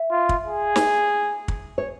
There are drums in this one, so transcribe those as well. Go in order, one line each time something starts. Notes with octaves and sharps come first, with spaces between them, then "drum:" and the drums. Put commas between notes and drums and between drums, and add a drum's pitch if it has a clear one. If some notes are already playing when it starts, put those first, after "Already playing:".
Already playing: E5
F4
drum: kick
G#4
drum: snare
drum: kick
C#5